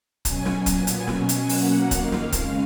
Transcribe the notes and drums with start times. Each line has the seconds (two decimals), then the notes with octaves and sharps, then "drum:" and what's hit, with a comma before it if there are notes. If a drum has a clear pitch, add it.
0.25 B2 F#3 C#4 G#5, drum: kick, hi-hat
0.45 drum: snare
0.66 A#2 F#3 B3, drum: kick, hi-hat
0.87 drum: hi-hat
1.07 B2 F#3 C#4 G#5, drum: snare
1.29 drum: hi-hat
1.49 B2 F#3 A#3 C#4 F#5, drum: open hi-hat
1.91 F2 D#3 A#3 F5, drum: kick, hi-hat
2.12 drum: snare
2.32 C#3 G#3 C#4 F5, drum: kick, hi-hat